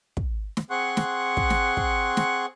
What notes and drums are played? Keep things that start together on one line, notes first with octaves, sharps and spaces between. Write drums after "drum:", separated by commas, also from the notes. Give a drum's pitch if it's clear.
drum: kick
drum: snare
C4 G#4 F#5 C6 C#6 F#6
drum: snare
drum: kick
drum: snare
drum: kick
drum: snare